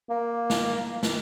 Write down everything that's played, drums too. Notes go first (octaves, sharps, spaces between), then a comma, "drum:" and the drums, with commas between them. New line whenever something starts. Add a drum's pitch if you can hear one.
A#3
drum: snare
drum: snare